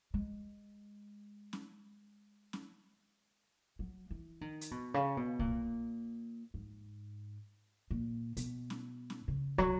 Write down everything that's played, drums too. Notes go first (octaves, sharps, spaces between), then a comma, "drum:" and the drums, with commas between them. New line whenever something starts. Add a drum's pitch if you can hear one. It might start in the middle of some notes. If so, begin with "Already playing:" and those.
G#3
drum: snare C#4
drum: snare C#4
F#3
E3
D#3
drum: hi-hat
B2
C#3
B2
A#2, drum: kick
G#2
A#2
B2, drum: hi-hat
drum: snare C#4
drum: snare C#4
C#3
F#3, drum: kick